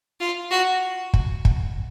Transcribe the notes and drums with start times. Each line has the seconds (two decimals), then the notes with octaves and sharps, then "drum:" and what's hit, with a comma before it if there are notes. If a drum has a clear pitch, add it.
0.20 F4
0.50 F#4
1.14 drum: kick
1.45 drum: kick